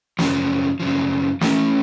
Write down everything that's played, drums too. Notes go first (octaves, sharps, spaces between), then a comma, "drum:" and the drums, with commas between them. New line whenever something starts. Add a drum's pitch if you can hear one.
F#2 C#3 F3, drum: snare
F#2 C#3 F3
E3 A3 C#4, drum: snare